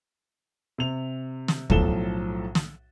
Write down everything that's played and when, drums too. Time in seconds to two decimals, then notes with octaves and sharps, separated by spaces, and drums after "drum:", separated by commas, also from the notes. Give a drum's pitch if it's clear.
0.78 C3 F7
1.48 drum: snare
1.70 B1 A2 F3 A4 E7 G7, drum: kick
2.55 drum: snare